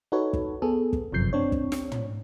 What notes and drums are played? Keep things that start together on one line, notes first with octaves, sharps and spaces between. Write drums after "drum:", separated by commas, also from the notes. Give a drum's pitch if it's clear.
D#4 F#4 A4 B4 C#5
drum: kick
B3 G#4 A4
drum: kick
G1 F#2 C3 F3 G6 C7
C4 D4 C#5
drum: kick
drum: snare
drum: tom